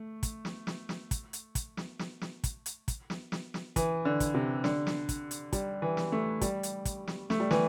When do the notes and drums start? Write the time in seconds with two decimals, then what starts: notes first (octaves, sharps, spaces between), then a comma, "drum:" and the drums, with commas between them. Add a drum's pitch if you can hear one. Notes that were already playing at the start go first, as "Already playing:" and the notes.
Already playing: A3
0.23 drum: kick, hi-hat
0.45 drum: snare
0.67 drum: snare
0.89 drum: snare
1.11 drum: kick, hi-hat
1.33 drum: hi-hat
1.55 drum: kick, hi-hat
1.77 drum: snare
1.99 drum: snare
2.21 drum: snare
2.44 drum: kick, hi-hat
2.66 drum: hi-hat
2.88 drum: kick, hi-hat
3.10 drum: snare
3.32 drum: snare
3.54 drum: snare
3.76 E3, drum: kick, hi-hat
4.05 D3
4.20 drum: kick, hi-hat
4.34 C3
4.64 D3, drum: snare
4.87 drum: snare
5.09 drum: kick, hi-hat
5.31 drum: hi-hat
5.53 G3, drum: kick, hi-hat
5.82 E3
5.97 drum: snare
6.12 A3
6.41 G3, drum: kick, hi-hat
6.63 drum: hi-hat
6.85 drum: kick, hi-hat
7.07 drum: snare
7.30 A3, drum: snare
7.40 G3
7.51 E3, drum: snare